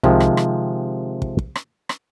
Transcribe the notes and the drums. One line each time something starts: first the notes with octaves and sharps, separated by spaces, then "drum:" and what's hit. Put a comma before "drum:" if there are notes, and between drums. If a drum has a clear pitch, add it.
C3 D#3 F3 G#3, drum: tom C2
drum: rim click
drum: rim click
drum: kick
drum: kick
drum: rim click
drum: rim click